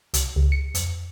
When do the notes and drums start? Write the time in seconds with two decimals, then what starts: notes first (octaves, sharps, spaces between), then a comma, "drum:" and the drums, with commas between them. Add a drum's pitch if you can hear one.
0.14 C2, drum: hi-hat
0.36 C#2
0.52 C#7
0.75 F2, drum: hi-hat